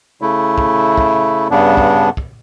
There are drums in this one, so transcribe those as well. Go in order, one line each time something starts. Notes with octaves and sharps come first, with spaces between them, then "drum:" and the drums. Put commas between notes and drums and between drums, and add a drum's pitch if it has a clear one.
C#3 A3 E4
drum: kick
drum: kick
G2 C#3 B3 D4
drum: kick
drum: kick